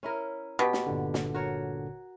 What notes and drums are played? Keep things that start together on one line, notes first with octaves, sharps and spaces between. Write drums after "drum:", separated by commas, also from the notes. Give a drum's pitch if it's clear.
C#4 E4 A#4
B2 G4
drum: snare
G1 A#2 D3
drum: snare
F#4 A#4 C#5